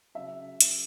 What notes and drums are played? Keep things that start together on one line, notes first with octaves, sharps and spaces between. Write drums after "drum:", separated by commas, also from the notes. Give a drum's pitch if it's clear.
C#3 F#3 E5
drum: hi-hat